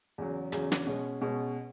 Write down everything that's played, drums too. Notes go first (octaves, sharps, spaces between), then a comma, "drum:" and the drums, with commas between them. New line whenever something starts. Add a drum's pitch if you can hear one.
E2 C#3 F#3
E2 C#3 F#3, drum: hi-hat
drum: snare
B2 G#3 C#4
B2 G#3 C#4